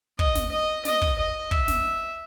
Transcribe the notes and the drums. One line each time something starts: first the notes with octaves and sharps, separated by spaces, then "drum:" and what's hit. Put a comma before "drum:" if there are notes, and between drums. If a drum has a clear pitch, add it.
D#5, drum: kick
drum: snare
D#5
D#5, drum: snare
drum: kick
D#5
E5, drum: kick
drum: snare